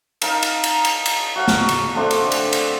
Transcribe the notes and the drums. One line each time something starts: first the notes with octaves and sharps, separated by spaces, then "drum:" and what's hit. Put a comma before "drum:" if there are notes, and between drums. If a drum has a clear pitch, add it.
D#4 A#4 F5 A5, drum: cymbal
drum: cymbal
drum: cymbal
drum: cymbal
drum: cymbal
F#4 F5 A5
drum: snare
drum: cymbal
D3 A3 C4 D4
drum: cymbal
drum: cymbal
drum: cymbal